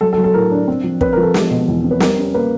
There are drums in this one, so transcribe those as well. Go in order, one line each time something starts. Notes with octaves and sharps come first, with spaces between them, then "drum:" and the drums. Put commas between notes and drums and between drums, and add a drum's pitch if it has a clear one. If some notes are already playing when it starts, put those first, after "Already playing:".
F#3 A4
A4
F#3
A4
A2 A#4
D4
C4
F3
C4 B4, drum: kick
A#4
F3
A4
G#3, drum: snare
B2
E2
C4
B4
G3 A#4, drum: snare
C#4
A#3 B4